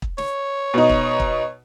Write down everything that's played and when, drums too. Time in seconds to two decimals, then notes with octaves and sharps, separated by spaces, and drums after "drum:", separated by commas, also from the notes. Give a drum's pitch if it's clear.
0.02 drum: kick
0.18 C#5, drum: snare
0.74 B2 D#4
0.90 drum: kick
1.20 drum: kick